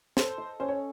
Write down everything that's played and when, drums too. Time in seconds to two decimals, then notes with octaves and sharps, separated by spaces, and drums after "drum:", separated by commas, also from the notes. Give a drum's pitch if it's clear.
0.17 A4 C5, drum: snare
0.38 D#5
0.60 C#4 C5
0.69 C#5